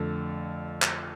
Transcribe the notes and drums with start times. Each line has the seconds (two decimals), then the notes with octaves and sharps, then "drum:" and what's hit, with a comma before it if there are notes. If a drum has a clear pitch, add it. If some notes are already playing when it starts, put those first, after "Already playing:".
Already playing: F2 D3 A3
0.82 drum: clap